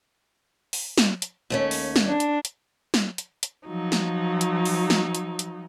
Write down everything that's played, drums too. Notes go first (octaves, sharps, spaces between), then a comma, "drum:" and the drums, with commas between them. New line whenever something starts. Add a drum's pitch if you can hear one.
drum: open hi-hat
drum: snare
drum: hi-hat
D#2 A3 C#4
drum: open hi-hat
drum: snare
D4
drum: hi-hat
drum: hi-hat
drum: snare
drum: hi-hat
drum: hi-hat
F3 F#3 D#4
drum: snare
drum: hi-hat
drum: open hi-hat
drum: snare
drum: hi-hat
drum: hi-hat